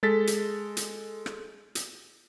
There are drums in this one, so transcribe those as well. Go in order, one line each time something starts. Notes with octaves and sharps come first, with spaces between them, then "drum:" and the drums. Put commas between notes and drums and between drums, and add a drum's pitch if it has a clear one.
G#3 A4 A6 B6
drum: hi-hat
drum: hi-hat
drum: rim click
drum: hi-hat